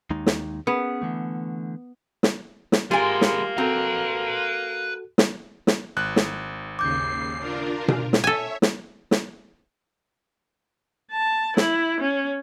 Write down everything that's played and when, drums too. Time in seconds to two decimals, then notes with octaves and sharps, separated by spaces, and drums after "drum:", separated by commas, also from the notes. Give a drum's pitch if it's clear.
0.10 D#2 G#3 D#4
0.26 drum: snare
0.67 B3 C#4 G#4 B4
1.02 D3 E3 A3
2.23 drum: snare
2.72 drum: snare
2.91 G#3 A#3 F4 G4 A#4 G#5
3.21 drum: snare
3.58 C4 F#4 A4 B4 A#5
5.18 drum: snare
5.67 drum: snare
5.97 G#1 F#6
6.16 drum: snare
6.79 D#2 C#3 D6 G6 C7
7.39 D4 F4 A#4
7.88 drum: tom B2
8.13 drum: snare
8.24 A4 C#5 E5 G#5
8.62 drum: snare
9.11 drum: snare
11.12 A5
11.57 E4, drum: snare
12.01 C#4